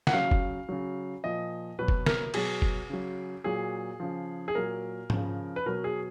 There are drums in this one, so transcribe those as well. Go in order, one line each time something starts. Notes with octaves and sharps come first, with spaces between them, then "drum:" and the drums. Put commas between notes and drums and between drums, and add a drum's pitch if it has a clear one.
F#5, drum: snare
C#3 F#3 F5
drum: kick F#1
C#3 F#3
A#2 F3 D#5
B2 F#3 B4
drum: kick F#1
A#4, drum: snare
B2 F#3 G#4, drum: cymbal
drum: kick F#1
C#3 F#3
A#2 F#3 G#4
C#3 F3
G#4
A#2 F#3 A#4
C#3 F3, drum: tom G#2
B4
B2 F#3 A#4
G#4